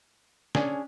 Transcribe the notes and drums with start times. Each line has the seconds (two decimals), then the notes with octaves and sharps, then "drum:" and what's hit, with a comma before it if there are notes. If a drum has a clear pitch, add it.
0.55 C#4 D4 G#4, drum: snare